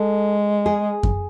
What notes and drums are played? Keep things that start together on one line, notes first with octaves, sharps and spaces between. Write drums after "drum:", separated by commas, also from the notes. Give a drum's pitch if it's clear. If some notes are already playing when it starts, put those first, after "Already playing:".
Already playing: G#3 A4
G#4
drum: kick F#2